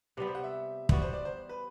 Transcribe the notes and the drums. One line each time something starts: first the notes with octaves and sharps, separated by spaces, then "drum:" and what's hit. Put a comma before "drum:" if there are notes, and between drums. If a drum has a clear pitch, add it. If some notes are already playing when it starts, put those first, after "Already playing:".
C3 G3 B3 B4
C5
F#5
E5
E3 G3 B3 F#4 D5, drum: kick
C5
D5
C5
B4